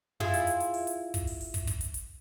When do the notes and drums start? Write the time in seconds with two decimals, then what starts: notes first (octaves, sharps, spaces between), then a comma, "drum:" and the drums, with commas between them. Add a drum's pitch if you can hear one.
0.20 E4 F4 G#4, drum: tom
0.34 drum: hi-hat
0.47 drum: hi-hat
0.60 drum: hi-hat
0.74 drum: open hi-hat
0.87 drum: hi-hat
1.14 drum: kick, hi-hat
1.27 drum: open hi-hat
1.41 drum: open hi-hat
1.54 drum: kick, hi-hat
1.67 drum: kick, hi-hat
1.81 drum: hi-hat
1.94 drum: hi-hat